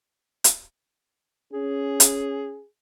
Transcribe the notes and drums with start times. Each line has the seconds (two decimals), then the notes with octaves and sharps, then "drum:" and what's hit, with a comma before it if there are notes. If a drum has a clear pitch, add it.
0.44 drum: hi-hat
1.53 C#4 G#4
2.00 drum: hi-hat